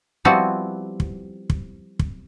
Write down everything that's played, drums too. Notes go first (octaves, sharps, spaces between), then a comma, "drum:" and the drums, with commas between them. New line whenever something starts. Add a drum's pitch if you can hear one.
F3 G3 B3 C4 E4 F#4
drum: kick
drum: kick
drum: kick